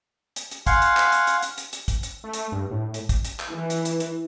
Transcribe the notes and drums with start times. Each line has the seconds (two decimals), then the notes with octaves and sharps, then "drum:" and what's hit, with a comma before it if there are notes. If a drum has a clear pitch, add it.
0.36 drum: hi-hat
0.51 drum: hi-hat
0.67 F5 F#5 G#5 C6 C#6, drum: kick, hi-hat
0.82 drum: hi-hat
0.97 drum: clap
1.12 drum: hi-hat
1.27 drum: hi-hat
1.42 drum: hi-hat
1.58 drum: hi-hat
1.73 drum: hi-hat
1.88 drum: kick, hi-hat
2.03 drum: hi-hat
2.24 A3
2.33 drum: hi-hat
2.52 G2
2.71 A2
2.94 drum: hi-hat
3.09 drum: kick, hi-hat
3.25 drum: hi-hat
3.40 drum: clap
3.52 E3
3.70 drum: hi-hat
3.85 drum: hi-hat
4.00 drum: hi-hat